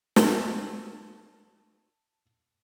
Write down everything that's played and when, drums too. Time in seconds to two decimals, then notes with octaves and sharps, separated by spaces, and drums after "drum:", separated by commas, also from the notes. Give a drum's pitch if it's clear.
0.16 A5 E6, drum: snare